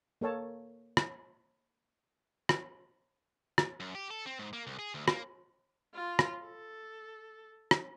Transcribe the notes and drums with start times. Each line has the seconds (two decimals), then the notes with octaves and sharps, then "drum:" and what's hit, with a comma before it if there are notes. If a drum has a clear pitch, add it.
0.21 A#3 A4 C#5 A5
0.97 drum: rim click
2.49 drum: rim click
3.58 drum: rim click
3.80 F#2
3.95 G4
4.11 A4
4.26 C4
4.39 G#2
4.53 A#3
4.67 C2
4.79 G#4
4.94 D2
5.08 A#3, drum: rim click
5.94 F4
6.19 drum: rim click
6.43 A4
7.71 drum: rim click